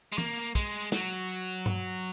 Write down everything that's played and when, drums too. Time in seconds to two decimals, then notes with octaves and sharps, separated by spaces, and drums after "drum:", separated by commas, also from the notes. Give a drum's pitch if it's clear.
0.12 G#3
0.18 A#3, drum: tom E3
0.55 G#3, drum: kick
0.92 F#3, drum: snare
1.66 drum: tom G2